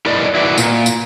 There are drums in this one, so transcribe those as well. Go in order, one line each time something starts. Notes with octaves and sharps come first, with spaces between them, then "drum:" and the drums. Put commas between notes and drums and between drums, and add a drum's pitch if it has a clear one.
E4 A#4 B4 D5 D#5
E4 F#4 B4 D5
A#2, drum: tambourine
drum: tambourine